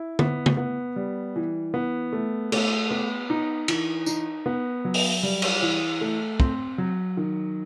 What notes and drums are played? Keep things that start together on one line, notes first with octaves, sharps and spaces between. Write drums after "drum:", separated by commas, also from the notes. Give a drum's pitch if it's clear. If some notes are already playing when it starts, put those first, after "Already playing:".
Already playing: E4
B3, drum: tom D3
drum: tom C#3
B3
G3
E3
B3
A3
A3, drum: cymbal
B3
D#4
E3, drum: cymbal
D#4, drum: tambourine
B3
F#3
drum: open hi-hat
G3
drum: cymbal
E3
A3
C4, drum: kick
F#3
D#3